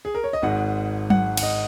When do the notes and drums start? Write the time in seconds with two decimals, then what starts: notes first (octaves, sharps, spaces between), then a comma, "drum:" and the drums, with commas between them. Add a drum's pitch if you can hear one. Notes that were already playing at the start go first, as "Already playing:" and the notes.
0.05 G#4
0.15 A#4
0.24 C#5
0.33 D#5
0.42 G#1 G#2 G#3 F#5
1.10 F#5, drum: tom F#3
1.37 F#5, drum: cymbal
1.43 D#5